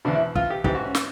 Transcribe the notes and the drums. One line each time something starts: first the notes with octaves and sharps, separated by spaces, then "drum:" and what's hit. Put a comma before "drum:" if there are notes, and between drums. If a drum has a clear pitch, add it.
E2 B2 D4
E4
F4, drum: kick
G4
G#2 E3 G4, drum: kick
F#4
C#4
drum: snare